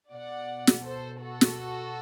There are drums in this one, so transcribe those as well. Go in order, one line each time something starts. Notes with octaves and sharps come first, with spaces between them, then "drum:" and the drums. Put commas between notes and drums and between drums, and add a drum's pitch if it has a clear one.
B2 D5 F#5
drum: snare
A4 C5
F#4 A4
drum: snare